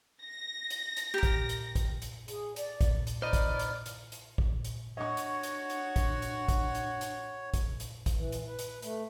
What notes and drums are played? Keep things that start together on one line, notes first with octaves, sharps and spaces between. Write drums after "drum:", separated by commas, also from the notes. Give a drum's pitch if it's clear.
A#6
drum: hi-hat
drum: hi-hat
G4 A#4
drum: kick, hi-hat
drum: hi-hat
drum: kick, hi-hat
drum: hi-hat
G#4, drum: hi-hat
D5, drum: hi-hat
drum: kick, hi-hat
drum: hi-hat
D#4 B4 C5 D5 D#5 F6
drum: kick, hi-hat
drum: hi-hat
drum: hi-hat
drum: hi-hat
drum: kick
drum: hi-hat
D4 F#4 C#5 D#5 F#5 C#6
drum: hi-hat
drum: hi-hat
drum: hi-hat
drum: kick, hi-hat
drum: hi-hat
drum: kick, hi-hat
drum: hi-hat
drum: hi-hat
drum: kick, hi-hat
drum: hi-hat
drum: kick, hi-hat
E3
drum: hi-hat
B4
drum: hi-hat
A3, drum: hi-hat